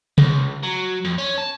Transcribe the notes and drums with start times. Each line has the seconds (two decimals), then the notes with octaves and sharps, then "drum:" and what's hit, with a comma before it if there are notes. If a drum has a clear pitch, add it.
0.18 C#2, drum: tom C3
0.63 F#3
1.05 F2
1.18 C#4
1.38 A5